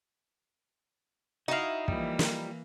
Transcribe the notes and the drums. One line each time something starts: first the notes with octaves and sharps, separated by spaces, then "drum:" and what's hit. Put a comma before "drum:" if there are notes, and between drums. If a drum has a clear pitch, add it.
D#4 E4 F#4 D#5 F5
E3 F3 G3 A#3, drum: kick
drum: snare